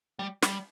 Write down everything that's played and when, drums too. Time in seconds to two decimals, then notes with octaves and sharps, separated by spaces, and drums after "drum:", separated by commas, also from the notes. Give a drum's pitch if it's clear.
0.19 G3
0.43 G3, drum: snare